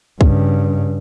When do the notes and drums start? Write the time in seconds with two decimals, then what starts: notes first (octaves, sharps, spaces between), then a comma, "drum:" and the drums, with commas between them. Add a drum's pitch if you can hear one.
0.21 G2 C#3, drum: kick